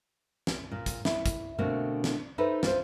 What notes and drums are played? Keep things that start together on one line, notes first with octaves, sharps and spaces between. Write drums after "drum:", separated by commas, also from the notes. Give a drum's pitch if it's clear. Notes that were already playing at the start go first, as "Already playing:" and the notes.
drum: snare
A#2
drum: kick, hi-hat
E4, drum: snare
drum: kick, hi-hat
B2 D3 A3 A#3 C4
drum: snare
D#4 A4 B4 C5 E5
F4 C5, drum: snare